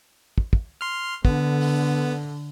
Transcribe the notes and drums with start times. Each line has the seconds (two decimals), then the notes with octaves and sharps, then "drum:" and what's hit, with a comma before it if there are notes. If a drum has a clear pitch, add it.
0.38 drum: kick
0.53 drum: kick
0.81 C6 F6
1.25 D3 B3, drum: kick
1.61 drum: open hi-hat